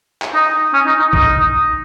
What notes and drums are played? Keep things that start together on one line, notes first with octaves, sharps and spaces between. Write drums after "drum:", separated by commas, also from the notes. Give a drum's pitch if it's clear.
drum: clap
D#4
C#4
D#4
D#4
D#4, drum: kick